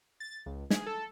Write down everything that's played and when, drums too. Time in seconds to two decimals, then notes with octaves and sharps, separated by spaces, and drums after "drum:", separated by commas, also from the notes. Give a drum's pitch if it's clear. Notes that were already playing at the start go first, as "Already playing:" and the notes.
0.20 A6
0.46 C#2
0.70 G#4, drum: snare
0.86 A4